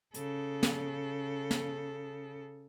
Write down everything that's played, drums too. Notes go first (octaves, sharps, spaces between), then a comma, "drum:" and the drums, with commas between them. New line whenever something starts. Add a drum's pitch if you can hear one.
C#3 A4, drum: hi-hat
drum: snare
drum: snare